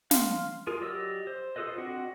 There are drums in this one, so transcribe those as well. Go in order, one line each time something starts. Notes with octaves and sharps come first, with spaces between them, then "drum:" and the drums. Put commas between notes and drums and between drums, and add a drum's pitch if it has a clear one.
F5 C6 F6, drum: snare
F4 G#4 A#4
F#3 G4 D5 D#5 E6
C5
F4 G#4 A4 B4 D#5
C4 D4 F#4 D#5 F#5